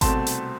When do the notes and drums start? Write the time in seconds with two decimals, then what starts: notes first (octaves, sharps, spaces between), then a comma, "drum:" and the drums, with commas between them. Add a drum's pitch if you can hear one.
0.01 C2 B2 A3 C4 A5 C6, drum: kick G#1, hi-hat
0.27 drum: hi-hat